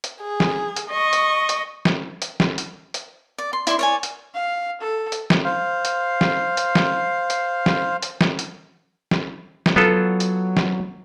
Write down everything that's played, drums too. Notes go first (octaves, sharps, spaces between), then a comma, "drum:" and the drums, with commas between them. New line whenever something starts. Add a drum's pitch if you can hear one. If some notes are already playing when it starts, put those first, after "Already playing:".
drum: hi-hat
G#4
drum: snare
drum: hi-hat
D#5 C#6
drum: hi-hat
drum: hi-hat
drum: snare
drum: hi-hat
drum: snare
drum: hi-hat
drum: hi-hat
D5
C6
E4 D5 C6, drum: hi-hat
C#5 D5 G#5
drum: hi-hat
F5
A4
drum: hi-hat
drum: snare
C5 F5
drum: hi-hat
drum: snare
drum: hi-hat
drum: snare
drum: hi-hat
drum: snare
drum: hi-hat
drum: snare
drum: hi-hat
drum: snare
drum: snare
F#3 B3 F4 A4
drum: hi-hat
drum: snare